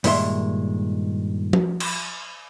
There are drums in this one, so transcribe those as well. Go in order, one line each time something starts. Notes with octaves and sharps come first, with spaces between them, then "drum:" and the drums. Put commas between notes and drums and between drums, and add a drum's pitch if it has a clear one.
G2 A#2 D#3 G#3 E5 C6, drum: open hi-hat
drum: tom F3
drum: cymbal